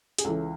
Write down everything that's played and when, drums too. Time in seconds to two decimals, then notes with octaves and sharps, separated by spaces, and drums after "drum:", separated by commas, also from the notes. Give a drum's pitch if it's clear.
0.18 G#4, drum: hi-hat
0.24 C#2 C#3 E3 A4